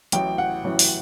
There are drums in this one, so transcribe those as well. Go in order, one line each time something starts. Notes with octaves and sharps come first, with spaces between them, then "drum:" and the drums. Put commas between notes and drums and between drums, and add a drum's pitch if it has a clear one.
A1 A2 F#3 G5, drum: hi-hat
F#5
A1 A2 F#3
drum: open hi-hat